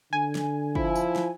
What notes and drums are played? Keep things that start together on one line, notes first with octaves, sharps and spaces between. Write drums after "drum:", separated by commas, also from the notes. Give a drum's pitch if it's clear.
D3 G#5
drum: snare
F3 E4, drum: kick
drum: tambourine
drum: snare